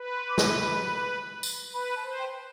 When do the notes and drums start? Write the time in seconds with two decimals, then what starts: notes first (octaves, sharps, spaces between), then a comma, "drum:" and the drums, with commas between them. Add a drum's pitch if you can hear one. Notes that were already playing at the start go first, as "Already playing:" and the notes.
Already playing: B4
0.15 C6
0.28 D6
0.38 C#6, drum: snare
0.60 B5
1.43 drum: tambourine
1.73 B4 B5
1.96 A5
2.03 C5
2.18 G5